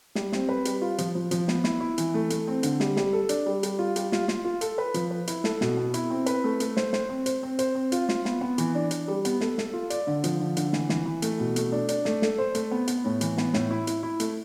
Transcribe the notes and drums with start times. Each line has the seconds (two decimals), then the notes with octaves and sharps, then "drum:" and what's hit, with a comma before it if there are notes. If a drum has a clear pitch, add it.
0.15 G3, drum: snare
0.32 C4, drum: snare
0.49 B4
0.65 G3, drum: hi-hat
0.82 F4
0.98 F3, drum: hi-hat
1.15 F3
1.31 F3, drum: hi-hat
1.48 B3, drum: snare
1.64 E4, drum: snare
1.80 E4
1.98 E3, drum: hi-hat
2.14 A3
2.30 A3, drum: hi-hat
2.47 C4
2.63 D3, drum: hi-hat
2.80 G3, drum: snare
2.97 G3, drum: snare
3.13 A4
3.29 D4, drum: hi-hat
3.46 G3
3.63 G3, drum: hi-hat
3.79 F4
3.96 G3, drum: hi-hat
4.12 F4, drum: snare
4.28 F4, drum: snare
4.45 F4
4.61 A4, drum: hi-hat
4.78 B4
4.94 F3, drum: hi-hat
5.11 B4
5.27 E4, drum: hi-hat
5.44 A4, drum: snare
5.61 B2, drum: snare
5.77 B3
5.94 E4, drum: hi-hat
6.10 C4
6.26 B4, drum: hi-hat
6.44 A3
6.60 A3, drum: hi-hat
6.77 C5, drum: snare
6.93 C5, drum: snare
7.09 C4
7.26 C5, drum: hi-hat
7.43 C4
7.59 C5, drum: hi-hat
7.75 C4
7.92 F4, drum: hi-hat
8.09 F4, drum: snare
8.25 B3, drum: snare
8.41 B3
8.58 E3, drum: hi-hat
8.75 D4
8.91 D4, drum: hi-hat
9.08 G3
9.25 B3, drum: hi-hat
9.41 A4, drum: snare
9.58 A4, drum: snare
9.73 F4
9.90 D5, drum: hi-hat
10.07 D3
10.24 F3, drum: hi-hat
10.40 D3
10.57 D3, drum: hi-hat
10.73 E3, drum: snare
10.89 E3, drum: snare
11.05 E3
11.22 A3, drum: hi-hat
11.39 B2
11.56 A3, drum: hi-hat
11.72 D4
11.89 D4, drum: hi-hat
12.05 A3, drum: snare
12.22 A4, drum: snare
12.38 C5
12.55 A3, drum: hi-hat
12.71 B3
12.88 B3, drum: hi-hat
13.04 A2
13.21 E3, drum: hi-hat
13.38 B3, drum: snare
13.54 A2, drum: snare
13.71 E4
13.87 E4, drum: hi-hat
14.03 E4
14.20 A3, drum: hi-hat